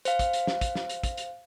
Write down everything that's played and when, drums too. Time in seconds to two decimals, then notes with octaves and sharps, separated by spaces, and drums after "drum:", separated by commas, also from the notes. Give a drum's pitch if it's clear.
0.05 C5 F5, drum: hi-hat
0.19 drum: kick, hi-hat
0.33 drum: hi-hat
0.47 drum: snare
0.61 drum: kick, hi-hat
0.75 drum: snare
0.89 drum: hi-hat
1.03 drum: kick, hi-hat
1.17 drum: hi-hat